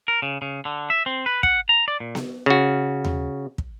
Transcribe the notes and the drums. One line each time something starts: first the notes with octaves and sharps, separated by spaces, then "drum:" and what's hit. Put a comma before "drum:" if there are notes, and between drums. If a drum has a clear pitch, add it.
A#4
C#3
C#3
D3
E5
C4
B4
F#5, drum: kick
A#5
D5
A#2
drum: snare B3
C#3 F#4
drum: tom D#2
drum: kick